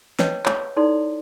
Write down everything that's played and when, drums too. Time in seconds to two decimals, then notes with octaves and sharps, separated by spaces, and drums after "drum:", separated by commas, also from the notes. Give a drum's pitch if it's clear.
0.19 B4 C#5 D#5 G5 A5, drum: snare
0.46 C#5, drum: clap
0.76 D#4 E4 A4 D5 C6